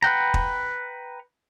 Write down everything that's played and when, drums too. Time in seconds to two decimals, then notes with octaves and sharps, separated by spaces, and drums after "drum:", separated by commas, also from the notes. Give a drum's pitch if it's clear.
0.02 B4 F#5 G5 A#5
0.34 drum: kick